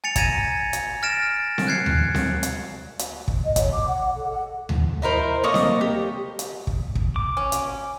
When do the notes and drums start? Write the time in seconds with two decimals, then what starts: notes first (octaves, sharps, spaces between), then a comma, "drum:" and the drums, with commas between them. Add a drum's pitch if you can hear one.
0.04 G#5 A6 C#7 F7
0.16 A#5 G#6 A#6 D#7, drum: kick, hi-hat
0.73 drum: hi-hat
1.03 F6 A6 A#6 D7 E7
1.58 drum: snare C4
1.67 F#6 G#6 C7 C#7
1.86 drum: tom D2
2.14 drum: snare C4
2.43 drum: hi-hat
2.99 drum: hi-hat
3.28 drum: kick
3.44 D#5
3.56 C#5, drum: kick, hi-hat
3.73 D6
3.88 F#5
4.16 A4
4.30 F#5
4.69 drum: tom D2
5.02 D#4 E4 A#4 C5
5.44 A#3 A4 C#5 D#5
5.54 drum: snare C4
5.81 G4
6.39 drum: hi-hat
6.67 drum: kick
6.95 drum: kick
7.16 D6
7.37 C#4
7.52 drum: hi-hat